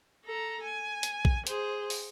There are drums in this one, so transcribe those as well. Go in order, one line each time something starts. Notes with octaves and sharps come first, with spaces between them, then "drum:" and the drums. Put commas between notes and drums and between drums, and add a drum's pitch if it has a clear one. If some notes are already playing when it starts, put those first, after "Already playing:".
A4 A#5
G#5
drum: hi-hat
drum: kick A#1
G#4 C5, drum: hi-hat
drum: open hi-hat